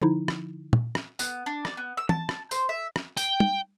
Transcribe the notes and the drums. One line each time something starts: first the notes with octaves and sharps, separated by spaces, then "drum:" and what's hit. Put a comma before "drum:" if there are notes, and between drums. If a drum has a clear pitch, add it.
D3 F3 D#4 E4
drum: rim click
drum: tom
drum: rim click
B3, drum: tambourine
D4
D5, drum: rim click
B3
E6
A5, drum: tom E3
drum: rim click
C5, drum: tambourine
E5
drum: rim click
G5, drum: tambourine
drum: tom